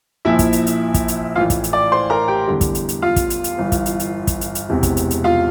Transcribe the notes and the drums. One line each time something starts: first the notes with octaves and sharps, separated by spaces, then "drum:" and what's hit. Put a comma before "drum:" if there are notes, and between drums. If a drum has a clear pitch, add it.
A#1 A#2 F3 E4 E5
drum: kick, hi-hat
drum: hi-hat
drum: hi-hat
drum: kick, hi-hat
drum: hi-hat
A1 A2 E3 F4 F5
drum: kick, hi-hat
drum: hi-hat
D5 D6
C5 C6
A#4 A#5
G4 G5
E2 D3 G3
drum: kick, hi-hat
drum: hi-hat
drum: hi-hat
F4 F5
drum: kick, hi-hat
drum: hi-hat
drum: hi-hat
G1 G2 E3
drum: kick, hi-hat
drum: hi-hat
drum: hi-hat
drum: kick, hi-hat
drum: hi-hat
drum: hi-hat
E1 E2 C3
drum: kick, hi-hat
drum: hi-hat
drum: hi-hat
F4 F5